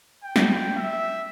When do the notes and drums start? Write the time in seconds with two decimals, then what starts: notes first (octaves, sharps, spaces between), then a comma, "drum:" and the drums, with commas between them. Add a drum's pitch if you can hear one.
0.23 G5
0.36 drum: snare
0.76 E5